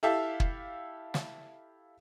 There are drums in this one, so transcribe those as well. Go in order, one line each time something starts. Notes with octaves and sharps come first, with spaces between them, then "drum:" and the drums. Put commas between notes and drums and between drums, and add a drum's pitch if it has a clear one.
E4 G4 A4 E5 F5
drum: kick
drum: snare